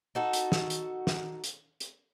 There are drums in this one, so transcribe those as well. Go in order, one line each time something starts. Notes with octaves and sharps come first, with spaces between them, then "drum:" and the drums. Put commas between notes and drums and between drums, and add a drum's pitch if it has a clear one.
D#4 F#4 A4
drum: hi-hat
drum: snare
drum: hi-hat
drum: snare
drum: hi-hat
drum: hi-hat